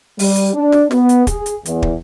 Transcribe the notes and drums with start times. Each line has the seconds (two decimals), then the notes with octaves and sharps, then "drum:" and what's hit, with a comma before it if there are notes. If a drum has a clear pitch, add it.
0.19 G3, drum: open hi-hat
0.36 drum: hi-hat
0.54 D4
0.72 drum: snare
0.91 B3, drum: snare
1.09 drum: hi-hat
1.27 G#4, drum: kick, hi-hat
1.46 drum: hi-hat
1.65 E2, drum: hi-hat
1.82 drum: kick